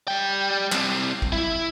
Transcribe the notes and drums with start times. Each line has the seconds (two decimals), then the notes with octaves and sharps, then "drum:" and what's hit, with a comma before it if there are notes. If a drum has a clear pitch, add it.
0.08 G3 G5
0.72 G3 C4, drum: clap
1.22 drum: kick
1.32 E4